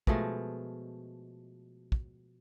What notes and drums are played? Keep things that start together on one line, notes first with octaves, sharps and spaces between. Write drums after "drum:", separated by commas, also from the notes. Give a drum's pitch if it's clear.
B2 F3 G#3 A3, drum: kick
drum: kick